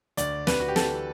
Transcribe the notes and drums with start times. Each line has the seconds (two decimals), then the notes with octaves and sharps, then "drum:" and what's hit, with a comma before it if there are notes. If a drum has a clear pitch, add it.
0.17 D2 D5, drum: hi-hat
0.47 D2 B4, drum: snare
0.60 F#4
0.68 G4
0.76 E3 A4, drum: snare